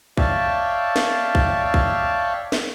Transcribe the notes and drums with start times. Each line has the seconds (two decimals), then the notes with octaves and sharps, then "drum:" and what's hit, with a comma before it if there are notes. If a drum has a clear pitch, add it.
0.17 C#5 D5 E5 F5 G5 A5, drum: kick A#1
0.96 drum: snare
1.35 drum: kick A#1
1.74 drum: kick A#1
2.52 drum: snare